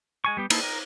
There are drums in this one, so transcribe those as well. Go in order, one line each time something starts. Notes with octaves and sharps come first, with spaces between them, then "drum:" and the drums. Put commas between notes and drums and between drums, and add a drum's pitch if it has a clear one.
G#3 G#5 C#6
G3 B3 G4
A#3 D#4 E4 A4, drum: cymbal
A#4